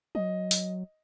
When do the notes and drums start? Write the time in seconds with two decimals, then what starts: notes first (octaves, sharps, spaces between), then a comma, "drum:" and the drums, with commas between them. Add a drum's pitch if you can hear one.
0.15 F#3 D#5
0.51 drum: open hi-hat